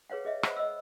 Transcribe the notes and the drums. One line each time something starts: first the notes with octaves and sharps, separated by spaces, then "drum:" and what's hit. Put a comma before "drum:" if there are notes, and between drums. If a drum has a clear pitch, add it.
G#4 B4 C#5 F5 F#5
G#4 D#5 E5
C5 F#5 B5, drum: rim click
D#5 E6